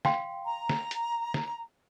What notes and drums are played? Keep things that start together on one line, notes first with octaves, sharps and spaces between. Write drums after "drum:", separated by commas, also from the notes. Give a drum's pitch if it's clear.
F5 G5 C6, drum: snare
A#5
drum: snare
drum: hi-hat
drum: snare